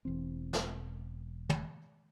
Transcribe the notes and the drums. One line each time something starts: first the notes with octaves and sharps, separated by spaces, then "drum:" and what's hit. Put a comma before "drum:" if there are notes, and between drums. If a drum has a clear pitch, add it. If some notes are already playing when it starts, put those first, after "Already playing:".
E1 E3 C4
drum: snare
drum: tom